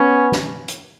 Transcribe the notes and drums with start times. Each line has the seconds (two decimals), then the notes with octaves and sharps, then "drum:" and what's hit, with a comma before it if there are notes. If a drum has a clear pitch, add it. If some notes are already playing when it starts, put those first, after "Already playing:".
Already playing: B3 C#4
0.32 drum: snare
0.68 drum: hi-hat